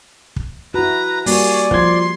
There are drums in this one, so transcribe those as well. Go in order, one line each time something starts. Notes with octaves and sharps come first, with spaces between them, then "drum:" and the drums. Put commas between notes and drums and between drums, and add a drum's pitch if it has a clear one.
drum: kick
E4 F#4 B4 A#5
G3 A#3 F#4 D5 G#5 C#6, drum: open hi-hat
F3 C6 G#6, drum: kick